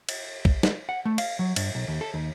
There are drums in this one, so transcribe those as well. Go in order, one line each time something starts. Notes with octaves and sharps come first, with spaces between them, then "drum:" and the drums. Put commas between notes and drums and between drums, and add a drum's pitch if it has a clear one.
drum: cymbal
drum: kick
drum: snare
F#5
A3
F5, drum: cymbal
F#3
G2, drum: cymbal
B1
D#2
A4
D#2